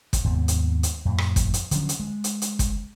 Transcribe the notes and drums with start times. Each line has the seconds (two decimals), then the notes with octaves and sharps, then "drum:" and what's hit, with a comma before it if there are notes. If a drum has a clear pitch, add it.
0.13 drum: kick, hi-hat
0.24 D#2 G#2 C3 B3
0.48 drum: hi-hat
0.83 drum: hi-hat
1.05 F2 A2
1.18 drum: rim click
1.36 drum: kick, hi-hat
1.54 drum: hi-hat
1.71 D3 F3 F#3 C#4, drum: hi-hat
1.89 drum: hi-hat
2.00 G#3
2.24 drum: hi-hat
2.42 drum: hi-hat
2.59 drum: kick, hi-hat